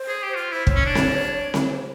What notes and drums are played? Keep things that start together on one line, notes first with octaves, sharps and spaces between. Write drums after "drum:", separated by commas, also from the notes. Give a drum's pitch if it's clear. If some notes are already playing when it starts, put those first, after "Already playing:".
Already playing: C5
G#4
G4
F4 C5
E4 C5
C#5, drum: kick
C#4
D4
drum: snare C4
drum: snare C4